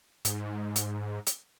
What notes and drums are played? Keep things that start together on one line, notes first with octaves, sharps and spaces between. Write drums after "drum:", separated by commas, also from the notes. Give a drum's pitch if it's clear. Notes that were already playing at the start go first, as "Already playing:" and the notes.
G#2, drum: hi-hat
drum: hi-hat
drum: hi-hat